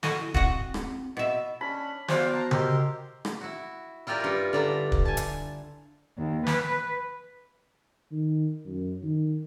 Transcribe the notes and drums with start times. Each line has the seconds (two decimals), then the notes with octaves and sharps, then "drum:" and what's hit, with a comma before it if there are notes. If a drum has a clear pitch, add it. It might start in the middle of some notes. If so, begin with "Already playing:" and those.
0.03 F#4 A4 D#5, drum: snare
0.20 E4
0.34 C4 F#4 D#5 F#5, drum: kick
0.74 drum: rim click
1.17 B2 D#5 E5
1.61 C#4 D4 B5
2.08 B3 F#4 C5 D5 F5 G5 F#6, drum: snare
2.33 A5 A#5
2.51 F#4 G4 A#4 D#5 C6 E6, drum: tom C#3
3.25 drum: rim click
3.41 E4 F#4
4.07 E4 F4 G4 A#4 D5 B5
4.20 G2 A#4
4.53 D3 D5 A#5 B5
4.92 drum: kick
5.05 G#5 A5
5.17 drum: hi-hat
6.18 D#2
6.47 B4, drum: snare
8.12 D#3
8.66 F#2
9.03 D#3